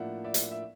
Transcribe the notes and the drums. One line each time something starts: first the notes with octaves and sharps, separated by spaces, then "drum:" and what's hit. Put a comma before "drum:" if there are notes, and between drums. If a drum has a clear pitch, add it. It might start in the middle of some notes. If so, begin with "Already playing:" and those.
Already playing: A2 F3 A#3 D4 E5 F#5
D5 E5
drum: hi-hat
E5